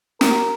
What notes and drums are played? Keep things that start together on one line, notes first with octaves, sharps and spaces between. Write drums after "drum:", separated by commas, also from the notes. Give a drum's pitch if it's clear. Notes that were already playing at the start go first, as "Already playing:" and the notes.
A#4, drum: snare